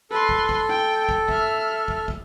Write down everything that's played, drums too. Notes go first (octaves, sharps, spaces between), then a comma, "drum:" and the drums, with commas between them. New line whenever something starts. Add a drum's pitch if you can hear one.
A4 B4 C6
drum: kick
drum: kick
G5
drum: kick
E5 F6, drum: kick
drum: kick
drum: kick